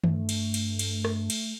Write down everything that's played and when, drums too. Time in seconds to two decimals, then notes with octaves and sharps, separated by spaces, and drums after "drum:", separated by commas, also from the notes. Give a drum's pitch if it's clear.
0.04 G2 A3, drum: tom D#3
0.29 drum: cymbal
0.54 drum: cymbal
0.79 drum: cymbal
1.05 drum: rim click
1.30 drum: cymbal